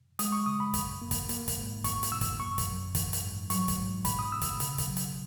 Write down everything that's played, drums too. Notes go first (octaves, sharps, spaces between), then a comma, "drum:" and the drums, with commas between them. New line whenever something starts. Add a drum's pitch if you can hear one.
G#3 D#6, drum: hi-hat
C#6
C#3 D#6
B5
F#2, drum: kick, hi-hat
A#3
drum: kick, hi-hat
A#3, drum: hi-hat
drum: kick, hi-hat
G#2
E2 C#6, drum: kick, hi-hat
drum: hi-hat
B2 E6
drum: kick, hi-hat
F#2 C#6
drum: kick, hi-hat
F#2
E3, drum: kick, hi-hat
drum: hi-hat
G#2
F#3 C#6, drum: hi-hat
drum: kick, hi-hat
G#2
B2 B5, drum: kick, hi-hat
D#6
B2 E6
drum: kick, hi-hat
C#3, drum: hi-hat
drum: kick, hi-hat
F#3
drum: hi-hat